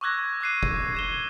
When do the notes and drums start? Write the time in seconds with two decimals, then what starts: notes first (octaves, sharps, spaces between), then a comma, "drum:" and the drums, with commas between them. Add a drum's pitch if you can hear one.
0.01 C#6 D6 E6 F#6 G#6 A#6
0.41 D6 F#6 C7 D#7
0.63 drum: kick F1
0.95 G#6 E7 G7